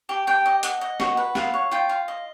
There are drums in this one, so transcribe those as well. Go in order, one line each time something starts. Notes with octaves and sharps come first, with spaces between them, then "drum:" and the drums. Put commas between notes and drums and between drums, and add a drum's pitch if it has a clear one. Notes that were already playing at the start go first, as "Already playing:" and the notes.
G4
G4 G5
D#5
D#5 F#5, drum: hi-hat
D#5
F#4, drum: snare
B4
F4 F#5, drum: snare
C#5
F4 G5
F4
D#5